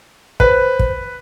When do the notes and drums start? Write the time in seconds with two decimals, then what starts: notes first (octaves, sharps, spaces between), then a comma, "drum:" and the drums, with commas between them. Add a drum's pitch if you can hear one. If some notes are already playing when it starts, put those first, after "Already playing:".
0.40 B4 C5, drum: kick
0.79 drum: kick